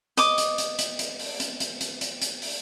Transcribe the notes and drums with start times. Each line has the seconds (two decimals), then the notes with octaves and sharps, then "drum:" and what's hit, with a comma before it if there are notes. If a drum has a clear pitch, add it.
0.17 D#5 D6, drum: hi-hat
0.38 drum: hi-hat
0.58 drum: hi-hat
0.79 drum: hi-hat
0.99 drum: hi-hat
1.20 drum: open hi-hat
1.40 drum: hi-hat
1.60 drum: hi-hat
1.81 drum: hi-hat
2.01 drum: hi-hat
2.22 drum: hi-hat
2.42 drum: open hi-hat